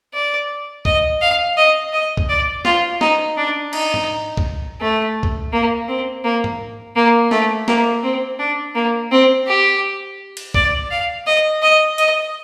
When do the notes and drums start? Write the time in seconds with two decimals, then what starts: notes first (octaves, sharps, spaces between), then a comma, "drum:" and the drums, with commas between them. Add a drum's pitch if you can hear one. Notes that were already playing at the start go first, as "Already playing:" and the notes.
0.14 D5
0.85 D#5, drum: kick
1.21 F5
1.57 D#5
1.93 D#5
2.17 drum: kick
2.29 D5
2.65 F4, drum: snare
3.01 D#4, drum: snare
3.37 D4
3.73 D#4, drum: cymbal
3.94 drum: tom G#2
4.37 drum: kick
4.81 A3
5.23 drum: kick
5.53 A#3
5.88 C4
6.24 A#3
6.44 drum: tom G#2
6.96 A#3
7.31 A3, drum: snare
7.68 A#3, drum: snare
8.03 C4
8.39 D4
8.75 A#3
9.12 C4
9.47 G4
10.37 drum: cymbal
10.54 D5, drum: kick
10.91 F5
11.27 D#5
11.62 D#5
11.98 D#5, drum: hi-hat